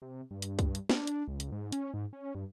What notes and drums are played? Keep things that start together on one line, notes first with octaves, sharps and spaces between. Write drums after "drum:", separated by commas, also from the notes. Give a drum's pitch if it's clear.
C3
G2
drum: hi-hat
drum: kick, hi-hat
drum: hi-hat
D4, drum: snare
drum: hi-hat
C#2
drum: hi-hat
G#2
C#4, drum: hi-hat
G#2
C#4
G2